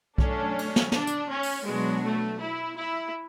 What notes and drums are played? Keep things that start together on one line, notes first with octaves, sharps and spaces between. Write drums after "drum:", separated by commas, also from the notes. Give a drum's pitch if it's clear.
F#3 A3 C#4 D4 A4, drum: kick B1
drum: cymbal
drum: snare
D4, drum: snare
drum: hi-hat
C#4
drum: open hi-hat
B2 F#3 G#3 B3 D4 F#4
A3
E4
E4